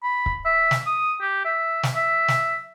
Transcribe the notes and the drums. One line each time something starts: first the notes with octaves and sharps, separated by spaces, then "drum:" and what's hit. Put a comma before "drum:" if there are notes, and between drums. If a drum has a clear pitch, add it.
B5
drum: kick C#1
E5
drum: snare
D#6
G4
E5
drum: snare
E5
drum: snare